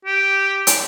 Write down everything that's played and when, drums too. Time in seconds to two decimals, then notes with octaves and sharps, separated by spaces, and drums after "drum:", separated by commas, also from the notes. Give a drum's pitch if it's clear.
0.05 G4
0.67 drum: hi-hat